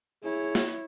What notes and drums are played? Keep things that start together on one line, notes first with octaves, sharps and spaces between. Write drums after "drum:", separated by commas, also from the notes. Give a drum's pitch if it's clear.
E4 G#4 C#5
drum: snare